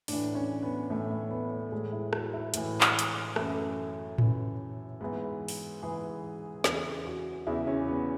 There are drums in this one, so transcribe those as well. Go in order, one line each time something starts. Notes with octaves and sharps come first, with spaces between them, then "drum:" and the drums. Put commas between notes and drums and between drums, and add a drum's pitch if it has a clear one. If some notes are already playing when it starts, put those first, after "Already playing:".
A2 E3 D4, drum: open hi-hat
C#4
B3
A2 E3 A3
A3
B3
A3
A2 E3 G#3
E4
F#4, drum: rim click
E4
A2 E3, drum: hi-hat
drum: clap
drum: hi-hat
F#2 E3 A3, drum: rim click
F#2 E3, drum: tom A2
G#2 E3 B3
drum: open hi-hat
G#2 E3 G#4
E2 C#3 E3 G#4, drum: snare
F#4
E2 C#3 E3 E4
C#4
B3